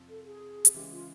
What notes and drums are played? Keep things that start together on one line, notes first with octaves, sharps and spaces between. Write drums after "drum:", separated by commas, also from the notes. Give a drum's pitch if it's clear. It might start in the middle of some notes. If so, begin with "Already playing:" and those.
Already playing: F2 C3 F3
A4
G#4
drum: hi-hat
C#3 E3 G#3 C#4 G4
F#4
F4